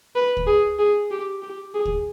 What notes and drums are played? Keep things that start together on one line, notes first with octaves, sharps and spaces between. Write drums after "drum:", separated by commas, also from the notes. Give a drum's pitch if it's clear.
B4
drum: kick
G#4
G#4
G4
G4
G#4
drum: kick